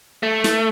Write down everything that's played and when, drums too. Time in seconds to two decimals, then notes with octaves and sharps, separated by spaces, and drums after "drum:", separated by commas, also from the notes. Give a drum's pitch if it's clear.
0.23 A3
0.44 drum: snare